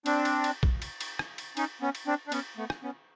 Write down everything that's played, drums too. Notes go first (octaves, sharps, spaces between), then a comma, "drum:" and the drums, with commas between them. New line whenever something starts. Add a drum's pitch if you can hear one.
C4 D4, drum: cymbal
drum: cymbal
drum: cymbal
drum: kick
drum: cymbal
drum: cymbal
drum: rim click
drum: cymbal
C#4 D#4, drum: cymbal
B3 C#4
drum: cymbal
C4 D4
D4
B3 C#4, drum: cymbal
A3 B3
drum: rim click
B3 C#4